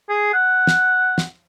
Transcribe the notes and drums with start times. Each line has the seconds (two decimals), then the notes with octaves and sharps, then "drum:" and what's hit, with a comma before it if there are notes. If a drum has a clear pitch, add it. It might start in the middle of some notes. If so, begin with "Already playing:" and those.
0.09 G#4
0.33 F#5
0.67 drum: snare
1.18 drum: snare